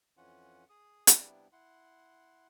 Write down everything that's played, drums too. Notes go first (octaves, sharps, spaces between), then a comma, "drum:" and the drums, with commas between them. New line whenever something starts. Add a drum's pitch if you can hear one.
F2 E3 C#4 F4 F#5
G#4 D#6
C3 G3 B3 D4 E4 G4, drum: hi-hat
E4 F#5 C6